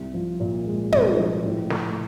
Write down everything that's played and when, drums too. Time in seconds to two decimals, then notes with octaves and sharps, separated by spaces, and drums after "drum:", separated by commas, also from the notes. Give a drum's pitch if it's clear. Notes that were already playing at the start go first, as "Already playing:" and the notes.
Already playing: C2
0.14 F3
0.40 A#2
0.66 G#3
0.92 C2, drum: tom
1.18 F3
1.44 A2
1.70 A3, drum: snare